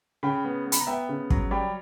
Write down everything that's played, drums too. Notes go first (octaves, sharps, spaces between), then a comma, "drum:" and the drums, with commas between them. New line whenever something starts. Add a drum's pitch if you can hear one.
C#3 G5 B5
B3
B3
B5, drum: hi-hat
A#5
B3 E5 G5
C#3
F#3, drum: kick
G3 G5 B5